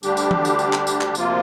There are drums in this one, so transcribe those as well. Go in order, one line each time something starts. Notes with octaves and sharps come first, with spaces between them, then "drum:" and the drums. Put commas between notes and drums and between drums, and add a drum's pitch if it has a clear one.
D2 D3 G3 D4 G4, drum: tambourine
drum: tambourine
drum: tom E3
drum: tambourine
drum: tambourine
drum: clap
drum: tambourine
drum: clap
D2 C3 F3 A#3 F4, drum: tambourine